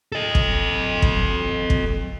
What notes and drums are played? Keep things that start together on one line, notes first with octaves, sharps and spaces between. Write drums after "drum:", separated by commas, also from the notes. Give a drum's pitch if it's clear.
A4 D#5
drum: kick
drum: kick
drum: kick